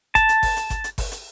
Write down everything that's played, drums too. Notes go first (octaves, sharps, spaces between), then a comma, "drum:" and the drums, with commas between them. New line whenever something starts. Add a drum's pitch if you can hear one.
A5, drum: kick G1, hi-hat
drum: hi-hat
drum: kick G1, open hi-hat
drum: hi-hat
drum: kick G1, hi-hat
drum: hi-hat
drum: kick G1, open hi-hat
drum: hi-hat